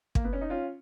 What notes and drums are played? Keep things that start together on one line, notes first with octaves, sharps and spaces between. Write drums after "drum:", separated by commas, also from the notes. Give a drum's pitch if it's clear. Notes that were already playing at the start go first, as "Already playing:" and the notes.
A#3, drum: kick
B3
C#4
D#4
C#4 F4